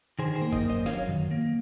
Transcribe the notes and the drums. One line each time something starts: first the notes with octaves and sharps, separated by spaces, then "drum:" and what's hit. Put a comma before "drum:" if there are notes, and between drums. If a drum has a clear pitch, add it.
D#3 G#4 C5
G#4 C5
A#3
C5 D#5, drum: kick
F#2
C5 D#5
F#3 C#5 F5, drum: snare
D#3
A#3